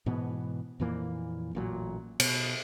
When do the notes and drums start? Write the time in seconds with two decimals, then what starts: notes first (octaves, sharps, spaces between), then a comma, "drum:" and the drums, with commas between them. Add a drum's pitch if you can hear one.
0.06 G#2 B2 E3 B3
0.80 F2 A#2 E3 A#3
1.55 A1 A#2 F#3
2.20 B2, drum: cymbal